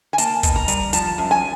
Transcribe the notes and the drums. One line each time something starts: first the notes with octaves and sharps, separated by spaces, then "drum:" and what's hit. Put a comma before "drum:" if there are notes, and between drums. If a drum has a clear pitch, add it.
G#5
A#3 A5, drum: hi-hat
B2, drum: kick, hi-hat
A#5
G3, drum: hi-hat
F3 A5, drum: hi-hat
F#2
G#5